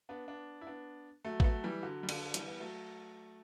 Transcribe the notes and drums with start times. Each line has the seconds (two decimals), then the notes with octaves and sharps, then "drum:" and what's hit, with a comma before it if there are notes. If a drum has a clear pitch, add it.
0.09 B3 D4
0.28 B3 D4
0.61 E4
0.67 B3 D4
1.25 F#3 A3
1.40 B3, drum: kick
1.44 F#3 A3
1.64 E3 G3
1.83 D3 F#3
2.03 G3
2.09 D3 F#3, drum: cymbal
2.26 F#3
2.34 E3 G3, drum: hi-hat
2.48 B3
2.60 F#3 A3